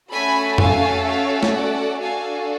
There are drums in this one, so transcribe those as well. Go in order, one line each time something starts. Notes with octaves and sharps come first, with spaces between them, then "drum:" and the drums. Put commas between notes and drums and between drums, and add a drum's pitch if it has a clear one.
A3 C#4 F#4 A4 G#5 B5
F5 G#5, drum: tom F2
C#5 F5
drum: snare
D5 F#5
D4 F#4 A4 F5 G#5